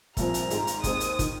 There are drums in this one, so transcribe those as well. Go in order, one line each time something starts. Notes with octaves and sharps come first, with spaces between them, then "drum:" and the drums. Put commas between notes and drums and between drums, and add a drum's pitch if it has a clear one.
C2 A#2 F3 C4 A#5, drum: kick, hi-hat
drum: hi-hat
G#1 G#2 G#3, drum: hi-hat
drum: hi-hat
D#2 D#3 G#3 C4 D#6, drum: kick, hi-hat
drum: hi-hat
D#3, drum: kick, hi-hat